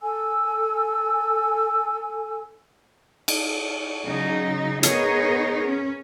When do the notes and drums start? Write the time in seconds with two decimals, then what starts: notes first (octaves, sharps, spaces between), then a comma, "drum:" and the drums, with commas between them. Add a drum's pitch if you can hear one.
0.01 A4 G#5 E6
3.28 drum: cymbal
4.06 C#3 F#3 D#4
4.83 B3 D#4 G#4 A#4 C#5, drum: hi-hat
5.67 C#4